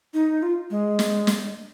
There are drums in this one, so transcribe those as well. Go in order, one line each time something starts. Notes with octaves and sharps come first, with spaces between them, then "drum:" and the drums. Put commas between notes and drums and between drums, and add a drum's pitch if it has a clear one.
D#4
F4
G#3
drum: snare
drum: snare